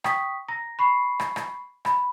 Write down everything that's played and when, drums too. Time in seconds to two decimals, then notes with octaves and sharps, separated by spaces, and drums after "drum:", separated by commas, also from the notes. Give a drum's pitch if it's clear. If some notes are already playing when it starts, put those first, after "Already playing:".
0.04 G5 C#6 D#6 B6, drum: rim click
0.48 A#5 A#6
0.79 B5 C#6 C7
1.20 drum: rim click
1.36 drum: rim click
1.85 B5, drum: rim click